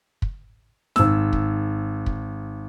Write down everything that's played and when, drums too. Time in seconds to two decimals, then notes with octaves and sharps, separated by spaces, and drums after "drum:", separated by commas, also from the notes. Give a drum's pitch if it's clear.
0.22 drum: kick
0.96 G#1 E6, drum: snare
1.33 drum: kick
2.06 drum: kick